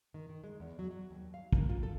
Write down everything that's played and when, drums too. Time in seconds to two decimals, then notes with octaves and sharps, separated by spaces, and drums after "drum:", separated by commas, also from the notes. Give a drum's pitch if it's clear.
0.14 D#3
0.29 D#3
0.44 G#3
0.60 E2
0.79 F#3
0.91 F#3
1.11 D#2
1.34 F5
1.53 A#3, drum: kick
1.69 F4
1.83 A4